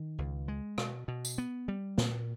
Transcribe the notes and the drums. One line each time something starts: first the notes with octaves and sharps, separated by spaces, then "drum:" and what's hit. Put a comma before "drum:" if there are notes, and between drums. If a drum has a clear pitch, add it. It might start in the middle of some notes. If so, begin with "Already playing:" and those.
Already playing: D#3
C#2
G#3
B2, drum: rim click
B2
drum: tambourine
B3
G3
A#2, drum: snare